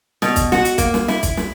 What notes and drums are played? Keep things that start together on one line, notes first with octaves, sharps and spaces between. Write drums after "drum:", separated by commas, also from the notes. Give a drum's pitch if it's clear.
B2, drum: snare
drum: kick, hi-hat
F#4, drum: snare
drum: hi-hat
A#3, drum: kick, hi-hat
drum: snare
E4, drum: snare
drum: kick, hi-hat
drum: snare